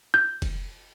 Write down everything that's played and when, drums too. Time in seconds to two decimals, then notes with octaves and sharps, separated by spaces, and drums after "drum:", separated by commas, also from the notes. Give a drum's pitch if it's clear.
0.14 G6
0.42 drum: kick, cymbal